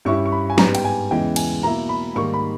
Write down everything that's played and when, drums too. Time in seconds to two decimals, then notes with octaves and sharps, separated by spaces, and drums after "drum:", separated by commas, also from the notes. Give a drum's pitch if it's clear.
0.05 G2 G3 C#4 E4 C#6
0.26 C#6
0.32 B5
0.50 G#5
0.58 G#2 G3 B3 A#5, drum: snare
0.75 G5, drum: cymbal
0.85 G#5
1.11 E2 C#3 E3 G#3 G5
1.36 G#5, drum: cymbal
1.63 B2 A#3 E4 A#5
1.89 B5
2.15 G#2 D#3 G3 A#3 C#6
2.34 B5